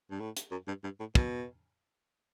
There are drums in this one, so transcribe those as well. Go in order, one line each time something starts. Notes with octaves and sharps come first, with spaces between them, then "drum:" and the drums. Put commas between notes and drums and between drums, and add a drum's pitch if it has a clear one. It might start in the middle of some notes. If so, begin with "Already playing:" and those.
G2
A2
drum: hi-hat
F#2
G2
G2
A2
B2, drum: kick